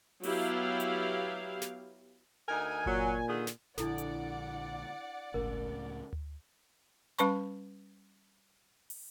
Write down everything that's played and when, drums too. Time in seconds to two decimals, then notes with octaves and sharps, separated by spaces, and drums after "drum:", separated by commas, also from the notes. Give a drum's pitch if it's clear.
0.23 F#3 B3 E4 G4 F5, drum: open hi-hat
0.80 drum: hi-hat
1.62 drum: snare
2.48 D2 D#4 A#4 G#5
2.86 A#2 F#3, drum: kick G1
3.28 D3 D#3 G#4
3.47 drum: snare
3.78 A#1 D3 D4 E4 A4 D5 F#5, drum: snare
3.98 drum: hi-hat
5.34 C#2 A2 C#3 A#4, drum: kick G1
6.13 drum: tom D2
7.19 G3 C#4 B4 A5 B5 C#6, drum: hi-hat
8.90 drum: open hi-hat